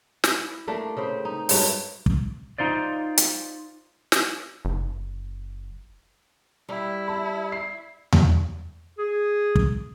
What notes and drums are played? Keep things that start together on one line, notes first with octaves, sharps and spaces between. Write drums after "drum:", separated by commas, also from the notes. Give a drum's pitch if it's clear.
E4 E5, drum: snare
A3 A#3 D4
C#3 C4 C5
D#4
G2 F#3 G#3 E5, drum: open hi-hat
drum: kick
D#4 F4 C5 D5
drum: hi-hat
drum: snare
F#1
G3 E4
A5 B5
C7
drum: tom E2
G#4
drum: kick